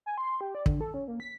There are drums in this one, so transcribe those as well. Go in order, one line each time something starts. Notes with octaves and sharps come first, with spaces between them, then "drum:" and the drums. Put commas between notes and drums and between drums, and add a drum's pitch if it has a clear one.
G#5
C6
G4
D5
D3, drum: kick
A4
C#4
A#3
B6